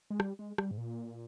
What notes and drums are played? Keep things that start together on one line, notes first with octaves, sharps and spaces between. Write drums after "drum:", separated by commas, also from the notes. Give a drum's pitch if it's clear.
G#3
G3, drum: rim click
G#3
G3, drum: rim click
G#2
A#2